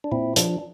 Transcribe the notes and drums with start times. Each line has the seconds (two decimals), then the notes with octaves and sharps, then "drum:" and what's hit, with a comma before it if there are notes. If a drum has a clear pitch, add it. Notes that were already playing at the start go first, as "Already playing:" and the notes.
0.04 D4
0.12 A#2 C4 E4
0.36 F3 D4, drum: hi-hat